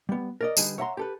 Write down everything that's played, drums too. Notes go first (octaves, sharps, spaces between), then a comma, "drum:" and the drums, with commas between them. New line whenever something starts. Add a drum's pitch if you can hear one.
G3 B3
A#4 D5 D#5
D3 G3 D#4 G#4 B4, drum: tambourine
C#5 E5 F#5 G5 A#5 C6
G4 A4 B4